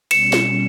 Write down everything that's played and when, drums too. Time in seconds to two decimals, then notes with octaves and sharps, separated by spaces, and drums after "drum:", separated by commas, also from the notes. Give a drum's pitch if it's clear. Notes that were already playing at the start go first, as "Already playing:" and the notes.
0.11 B2 G3 C#4 C#7 E7, drum: cymbal
0.33 drum: snare